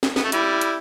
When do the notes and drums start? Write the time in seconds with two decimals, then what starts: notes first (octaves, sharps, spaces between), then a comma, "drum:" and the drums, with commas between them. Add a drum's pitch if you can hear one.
0.03 drum: snare
0.16 B3, drum: snare
0.24 A3
0.32 G3 E4, drum: hi-hat
0.61 drum: hi-hat